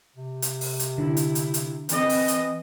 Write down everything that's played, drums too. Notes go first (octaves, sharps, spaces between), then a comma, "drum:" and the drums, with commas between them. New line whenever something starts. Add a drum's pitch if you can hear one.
C3
drum: hi-hat
drum: open hi-hat
drum: hi-hat
D3 E4
drum: hi-hat
drum: hi-hat
drum: hi-hat
E3 C4 D#5, drum: hi-hat
drum: open hi-hat
drum: hi-hat